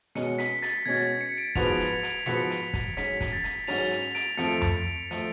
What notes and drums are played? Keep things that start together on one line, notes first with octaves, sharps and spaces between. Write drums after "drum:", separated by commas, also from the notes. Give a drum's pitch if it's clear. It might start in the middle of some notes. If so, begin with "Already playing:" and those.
B2 G#3 C#4 F#4 C#7, drum: hi-hat
B6, drum: hi-hat
A6, drum: hi-hat
B2 G#3 C#4 F#4 G#6
A6
C#7
D7
G#2 F3 B3 F#4 B4 F7, drum: kick, hi-hat
drum: hi-hat
drum: hi-hat
B6
G#2 F3 B3 F#4 B4 C#7, drum: snare
drum: hi-hat
drum: kick, hi-hat
G#2 F#3 C#4 F#4 B6, drum: hi-hat
drum: kick, hi-hat
A6
drum: hi-hat
G#2 F#3 C#4 F#4 F7, drum: open hi-hat
F7, drum: hi-hat
D7, drum: hi-hat
F2 F3 A3 C#7, drum: hi-hat
drum: tom F2
F3 A3, drum: hi-hat